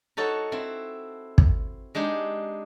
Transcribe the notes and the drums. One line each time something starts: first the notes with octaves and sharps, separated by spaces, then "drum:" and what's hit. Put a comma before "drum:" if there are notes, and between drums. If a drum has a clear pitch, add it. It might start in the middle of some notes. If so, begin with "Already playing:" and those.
D#4 F#4 A4 C#5 F#5 A5
C4 E4
drum: kick
G#3 D4 D#4 G4